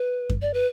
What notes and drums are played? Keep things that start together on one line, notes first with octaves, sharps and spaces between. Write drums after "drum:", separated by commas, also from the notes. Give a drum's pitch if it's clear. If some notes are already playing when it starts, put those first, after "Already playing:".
Already playing: B4
drum: kick F#2
D5
B4